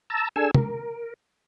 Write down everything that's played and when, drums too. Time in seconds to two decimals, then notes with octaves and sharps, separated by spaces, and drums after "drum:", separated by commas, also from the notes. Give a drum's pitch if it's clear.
0.10 A5 A#5 E6
0.36 D4 G#4 A4 G#5 E6
0.54 A#4, drum: tom